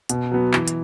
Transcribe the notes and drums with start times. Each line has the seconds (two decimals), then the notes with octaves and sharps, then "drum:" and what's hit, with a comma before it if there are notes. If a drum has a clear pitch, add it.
0.10 B2, drum: hi-hat
0.31 F#3 B3
0.53 E3, drum: clap
0.68 drum: hi-hat